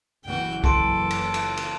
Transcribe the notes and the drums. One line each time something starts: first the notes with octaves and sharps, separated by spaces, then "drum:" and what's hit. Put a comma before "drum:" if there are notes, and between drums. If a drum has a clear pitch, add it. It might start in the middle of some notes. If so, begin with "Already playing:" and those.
F#1 E3 F#4 G5
A4 A5 C6 D7, drum: kick
drum: cymbal
drum: cymbal
drum: cymbal